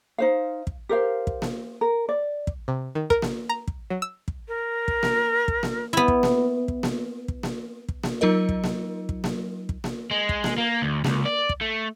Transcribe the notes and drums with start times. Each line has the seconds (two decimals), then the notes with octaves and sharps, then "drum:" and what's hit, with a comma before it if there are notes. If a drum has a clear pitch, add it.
0.18 D#4 C5 F5
0.67 drum: kick
0.89 G4 A#4 C5 F5
1.27 drum: kick
1.42 drum: snare A#3
1.81 A#4
2.09 D5
2.47 drum: kick
2.68 C3
2.95 D#3
3.10 A#4, drum: kick
3.22 drum: snare A#3
3.49 A#5
3.68 drum: kick
3.90 F#3
4.02 E6
4.28 drum: kick
4.48 A#4
4.88 drum: kick
5.03 drum: snare A#3
5.48 drum: kick
5.63 drum: snare A#3
5.93 B3 E4
6.08 drum: kick
6.23 drum: snare A#3
6.68 drum: kick
6.83 drum: snare A#3
7.28 drum: kick
7.43 drum: snare A#3
7.89 drum: kick
8.04 drum: snare A#3
8.21 F#3 D#4 F4 A#4 D#5
8.49 drum: kick
8.64 drum: snare A#3
9.09 drum: kick
9.24 drum: snare A#3
9.69 drum: kick
9.84 drum: snare A#3
10.11 G#3
10.29 drum: kick
10.44 drum: snare A#3
10.58 A#3
10.82 D2
11.05 C#2, drum: snare A#3
11.25 D5
11.49 drum: kick
11.61 A3